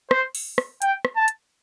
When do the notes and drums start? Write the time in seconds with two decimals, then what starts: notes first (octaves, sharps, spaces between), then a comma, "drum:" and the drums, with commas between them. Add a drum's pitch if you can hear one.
0.11 C5, drum: rim click
0.35 drum: open hi-hat
0.58 drum: rim click
0.82 G5, drum: hi-hat
1.05 drum: rim click
1.16 A5
1.28 drum: hi-hat